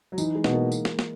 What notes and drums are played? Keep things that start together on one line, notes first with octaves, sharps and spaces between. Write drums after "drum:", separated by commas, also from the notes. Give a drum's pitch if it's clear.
F#3
E3 D#4, drum: tambourine
G#3
B2, drum: snare
A#3
drum: tambourine
drum: snare
drum: snare